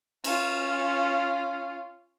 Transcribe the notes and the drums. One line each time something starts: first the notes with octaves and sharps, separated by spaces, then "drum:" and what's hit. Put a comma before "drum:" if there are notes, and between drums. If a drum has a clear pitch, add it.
C#4 F4, drum: cymbal